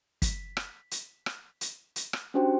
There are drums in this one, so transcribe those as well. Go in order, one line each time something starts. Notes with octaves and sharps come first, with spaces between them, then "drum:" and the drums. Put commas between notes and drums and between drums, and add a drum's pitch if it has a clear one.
B6, drum: kick, hi-hat
drum: rim click
drum: hi-hat
drum: rim click
drum: hi-hat
drum: hi-hat
drum: rim click
C#4 D4 F#4 G4 C5 G5